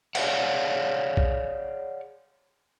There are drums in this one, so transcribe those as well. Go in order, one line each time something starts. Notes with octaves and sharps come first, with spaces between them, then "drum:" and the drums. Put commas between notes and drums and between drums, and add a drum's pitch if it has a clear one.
G#4 C#5 D5 F5 F#5, drum: cymbal
drum: kick A#1